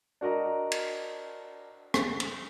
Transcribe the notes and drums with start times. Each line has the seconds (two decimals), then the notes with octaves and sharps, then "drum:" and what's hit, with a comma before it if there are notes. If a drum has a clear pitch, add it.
0.21 D4 F#4 A#4 D#5 A#5
0.72 drum: cymbal
1.94 drum: rim click
2.20 drum: cymbal